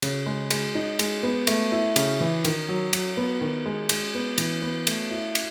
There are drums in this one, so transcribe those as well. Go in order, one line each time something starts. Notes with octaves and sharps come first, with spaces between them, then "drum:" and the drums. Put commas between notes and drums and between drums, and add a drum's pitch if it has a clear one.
C#3, drum: cymbal
G#3
G#3, drum: cymbal
D#4
G#3, drum: cymbal
B3
A3, drum: cymbal
E4
C#3, drum: cymbal
E3
D#3, drum: cymbal
F#3
F#3, drum: cymbal
B3
D#3
G#3
G#3, drum: cymbal
B3
E3, drum: cymbal
B3
A3, drum: cymbal
E4
drum: cymbal